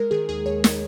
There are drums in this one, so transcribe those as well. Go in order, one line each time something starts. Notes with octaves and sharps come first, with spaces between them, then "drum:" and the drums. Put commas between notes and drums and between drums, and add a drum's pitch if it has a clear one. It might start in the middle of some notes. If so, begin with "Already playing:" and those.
Already playing: G#3 A#4
D#3 G#4
D#2 G#4
D#2 C#5
drum: snare